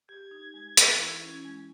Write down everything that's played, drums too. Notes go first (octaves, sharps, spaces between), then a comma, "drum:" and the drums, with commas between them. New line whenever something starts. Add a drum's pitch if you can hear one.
G4 G#6
D#4
G#3
E3, drum: hi-hat
E4 G#6
C#4
G#3